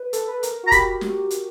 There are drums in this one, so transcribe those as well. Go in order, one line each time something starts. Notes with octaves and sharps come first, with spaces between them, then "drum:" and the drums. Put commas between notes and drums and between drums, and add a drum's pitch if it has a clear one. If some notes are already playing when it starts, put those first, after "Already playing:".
Already playing: B4
A4, drum: hi-hat
B4
A#4, drum: hi-hat
F#4 A#5
G4 B5, drum: kick F1, hi-hat
drum: snare
drum: hi-hat